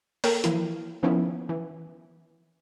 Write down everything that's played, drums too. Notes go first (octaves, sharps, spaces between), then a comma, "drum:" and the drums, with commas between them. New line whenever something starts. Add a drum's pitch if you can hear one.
A#3 A4 A#4 C#5 G5, drum: open hi-hat
E3 F3 A#3 E4, drum: hi-hat
D#3 F3 A#3 B3 C#4 E4
E3